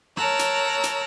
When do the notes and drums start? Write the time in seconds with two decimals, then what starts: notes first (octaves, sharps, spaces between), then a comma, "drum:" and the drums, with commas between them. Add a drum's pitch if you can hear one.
0.17 A#4 C#5 A5 A#5 E6 F#6, drum: rim click
0.39 drum: hi-hat
0.84 drum: hi-hat